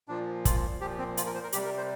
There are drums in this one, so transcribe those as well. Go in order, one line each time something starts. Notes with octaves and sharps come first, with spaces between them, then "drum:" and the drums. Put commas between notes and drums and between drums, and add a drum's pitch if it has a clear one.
A#2 F3 D4
F4, drum: kick, hi-hat
A#2 F3 G4
C4
F4, drum: hi-hat
A#4
C5
A#4
C3 G3 G4, drum: hi-hat
A#4
C5